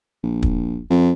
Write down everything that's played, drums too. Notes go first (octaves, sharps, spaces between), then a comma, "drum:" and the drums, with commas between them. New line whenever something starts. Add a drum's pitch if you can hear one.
A#1
drum: kick
F2